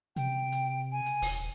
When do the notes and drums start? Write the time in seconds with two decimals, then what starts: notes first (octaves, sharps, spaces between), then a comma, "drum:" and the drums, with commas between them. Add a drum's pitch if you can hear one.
0.16 C3 G5, drum: hi-hat
0.52 drum: hi-hat
0.92 G#5
1.06 drum: hi-hat
1.22 D#1, drum: open hi-hat